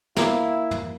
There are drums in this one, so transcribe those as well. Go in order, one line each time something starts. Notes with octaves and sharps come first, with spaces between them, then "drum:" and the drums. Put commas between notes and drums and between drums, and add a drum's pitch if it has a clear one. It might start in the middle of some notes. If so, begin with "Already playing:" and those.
A#3 E4, drum: snare
drum: tom